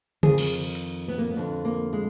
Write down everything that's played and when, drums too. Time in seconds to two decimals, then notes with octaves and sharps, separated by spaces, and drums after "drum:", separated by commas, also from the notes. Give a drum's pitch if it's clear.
0.23 F2 D#3 G#4, drum: tom C#3
0.38 drum: cymbal
0.75 drum: hi-hat
1.08 B3
1.18 A#3
1.30 B3
1.36 F2 D3
1.65 A#3
1.93 G#3